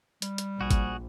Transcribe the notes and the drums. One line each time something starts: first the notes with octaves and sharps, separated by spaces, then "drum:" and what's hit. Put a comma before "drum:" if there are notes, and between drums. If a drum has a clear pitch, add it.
G3, drum: hi-hat
drum: hi-hat
A#1 F#4 G#4
drum: kick G1, hi-hat